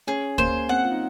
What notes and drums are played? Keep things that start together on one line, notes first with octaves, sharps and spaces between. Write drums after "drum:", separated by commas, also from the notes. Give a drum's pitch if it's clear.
C#4 G#4
A#3 C5, drum: kick
C4 F#5
F4
D#4